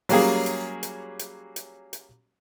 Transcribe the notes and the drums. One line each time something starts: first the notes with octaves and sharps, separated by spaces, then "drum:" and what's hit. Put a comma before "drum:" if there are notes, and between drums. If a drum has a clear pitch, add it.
F#3 G3 A#3 C#4 G#4, drum: open hi-hat
drum: hi-hat
drum: hi-hat
drum: hi-hat
drum: hi-hat
drum: hi-hat